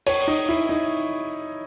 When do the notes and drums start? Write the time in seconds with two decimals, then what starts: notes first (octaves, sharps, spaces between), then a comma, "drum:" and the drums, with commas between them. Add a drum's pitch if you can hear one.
0.07 C#5, drum: open hi-hat
0.28 D#4
0.49 E4
0.69 D#4